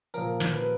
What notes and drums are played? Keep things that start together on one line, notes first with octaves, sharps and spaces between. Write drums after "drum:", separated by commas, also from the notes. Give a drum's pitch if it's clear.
A#2 F3 A#4, drum: tambourine
drum: snare
B4